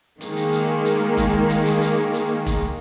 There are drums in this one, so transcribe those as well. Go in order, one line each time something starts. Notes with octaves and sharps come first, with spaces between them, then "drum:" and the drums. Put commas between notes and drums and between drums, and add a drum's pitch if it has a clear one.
D#3 G#3 A#3, drum: hi-hat
drum: hi-hat
drum: hi-hat
drum: hi-hat
drum: kick F1, hi-hat
drum: hi-hat
drum: hi-hat
drum: hi-hat
drum: hi-hat
drum: kick F1, hi-hat